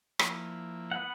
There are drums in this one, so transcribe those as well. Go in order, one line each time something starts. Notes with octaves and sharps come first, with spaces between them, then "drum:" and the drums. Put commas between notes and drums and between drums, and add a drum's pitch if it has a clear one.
F3 A#3 E4, drum: rim click
B3 F#5